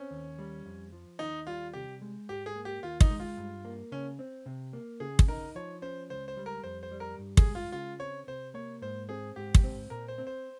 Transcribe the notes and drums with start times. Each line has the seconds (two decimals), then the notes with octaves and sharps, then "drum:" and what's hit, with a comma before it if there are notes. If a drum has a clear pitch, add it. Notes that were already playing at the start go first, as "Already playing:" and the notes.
Already playing: C4 C#4
0.11 D#2
0.39 G3
0.66 F2
0.92 F3
1.19 D#2 D#4
1.47 G3 F4
1.73 C3 G4
2.02 G#3
2.29 G#2 G4
2.46 G#4
2.56 A#3
2.65 G4
2.83 D#2 F4
3.01 D#4, drum: kick
3.10 G#3
3.20 F4
3.37 G2
3.65 A#3
3.92 C#3 C#4
4.19 C4
4.46 C3
4.73 A#3
5.00 C#3 G#4
5.19 drum: kick
5.28 D#4 A#4
5.55 F3 C#5
5.82 C#4 C5
6.10 C#2 C5
6.28 C5
6.37 G3
6.46 A#4
6.64 F2 C5
6.83 C5
6.91 G3
7.00 A#4
7.19 G2
7.37 G#4, drum: kick
7.46 G#3
7.55 F4
7.72 C#3 F4
8.00 C4 C#5
8.27 C3 C5
8.54 A#3 C#5
8.82 G#2 C5
9.09 C4 G#4
9.36 G#2 G4
9.55 drum: kick
9.64 C4
9.90 A#2 A#4
10.08 C5
10.18 C4
10.27 C5